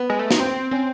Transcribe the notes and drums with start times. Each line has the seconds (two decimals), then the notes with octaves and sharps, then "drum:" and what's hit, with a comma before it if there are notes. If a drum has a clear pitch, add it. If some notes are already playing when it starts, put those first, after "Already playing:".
Already playing: B3
0.10 G#3
0.19 A3
0.31 D#4, drum: snare
0.40 C4
0.71 C4 C#4